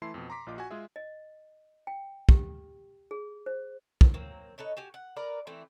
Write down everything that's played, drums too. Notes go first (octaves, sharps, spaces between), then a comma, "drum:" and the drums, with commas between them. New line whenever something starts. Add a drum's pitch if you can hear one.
E3 A3 E4 A5 C6 C7
F2 B2
A#5 C6 D6 B6
A#1 A#2 F4 D#5 D6
F#4 G#5
G#3 F4 G#4 E5
D#5
G5
G4, drum: kick
G#4
C5
drum: kick
F#3 A#3 C4
D#4 A4 B4 C#5
F#4 G4 G#5
F#5
A#4 B4 D5
E3 A3 C4